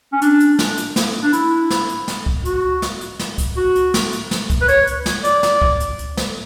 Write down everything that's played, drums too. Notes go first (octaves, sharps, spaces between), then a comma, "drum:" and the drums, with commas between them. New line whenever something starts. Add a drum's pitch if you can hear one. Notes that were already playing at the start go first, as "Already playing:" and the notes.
C#4
D4, drum: hi-hat
drum: hi-hat
drum: snare
drum: hi-hat
drum: snare
D4
E4, drum: hi-hat
drum: snare
drum: hi-hat
drum: snare
drum: kick C#2
F#4, drum: hi-hat
drum: snare
drum: hi-hat
drum: snare
drum: kick C#2, hi-hat
F#4
drum: hi-hat
drum: snare
drum: hi-hat
drum: snare
drum: kick C#2, hi-hat
B4
C#5, drum: hi-hat
drum: hi-hat
drum: snare
D5, drum: hi-hat
drum: snare
drum: kick C#2
drum: hi-hat
drum: hi-hat
drum: snare